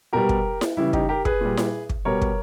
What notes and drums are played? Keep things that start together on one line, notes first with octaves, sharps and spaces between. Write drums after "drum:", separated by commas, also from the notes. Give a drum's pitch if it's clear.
B2 G3 G4 A#4
drum: kick
drum: snare E4
C#3 E3 G3 E4
D#4 G4, drum: kick
G4 A#4
G#4 B4, drum: kick
A#2 G3
drum: snare E4
drum: kick
B2 G3 A#4 C#5
drum: kick